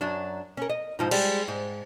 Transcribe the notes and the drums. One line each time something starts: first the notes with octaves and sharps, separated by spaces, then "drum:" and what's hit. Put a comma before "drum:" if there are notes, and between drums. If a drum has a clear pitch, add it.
F#2 F#3 D4
C#4 A#4
D#5
G#2 F3 D#4
G3 G#3, drum: cymbal
G#2